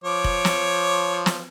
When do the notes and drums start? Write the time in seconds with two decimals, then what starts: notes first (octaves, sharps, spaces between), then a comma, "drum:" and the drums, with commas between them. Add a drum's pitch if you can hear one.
0.04 F3 C#5 D6
0.24 drum: kick F1
0.45 drum: snare
1.26 drum: snare